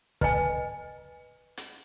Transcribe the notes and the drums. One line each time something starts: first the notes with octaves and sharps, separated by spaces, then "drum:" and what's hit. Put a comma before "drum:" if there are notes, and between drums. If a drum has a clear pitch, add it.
B4 D#5 G#5, drum: kick
drum: hi-hat